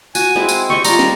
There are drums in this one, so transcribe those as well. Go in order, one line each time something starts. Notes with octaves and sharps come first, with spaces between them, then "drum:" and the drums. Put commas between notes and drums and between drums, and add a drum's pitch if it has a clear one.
F#4 G#5, drum: tambourine
G#3 C4 E4
drum: tambourine
C4 G4 D#5 C#6
G3 F4 A#5, drum: tambourine
drum: snare